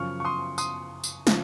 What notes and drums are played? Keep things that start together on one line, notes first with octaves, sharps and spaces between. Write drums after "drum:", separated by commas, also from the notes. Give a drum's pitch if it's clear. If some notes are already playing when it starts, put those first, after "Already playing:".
Already playing: F#2 C#3 F3 C#6 F6
C#6
C6 D#6
C6 D#6, drum: tambourine
drum: tambourine
C#3 F3, drum: snare